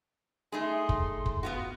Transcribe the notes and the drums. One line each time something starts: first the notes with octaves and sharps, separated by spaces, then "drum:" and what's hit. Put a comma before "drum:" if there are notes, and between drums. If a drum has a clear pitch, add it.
A3 D#4 G#4 C6
drum: kick
drum: kick
B3 F4 F#4